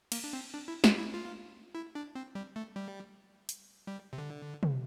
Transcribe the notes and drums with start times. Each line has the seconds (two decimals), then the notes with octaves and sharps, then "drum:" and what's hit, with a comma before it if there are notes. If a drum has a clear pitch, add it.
0.12 A#3, drum: cymbal
0.24 D4
0.33 C4
0.53 D4
0.68 E4
0.84 F4, drum: snare
0.98 E4
1.13 F4
1.75 E4
1.95 D4
2.15 C4
2.35 G3
2.56 A3
2.76 G3
3.49 drum: hi-hat
3.87 G3
4.13 C3
4.18 D3
4.63 drum: tom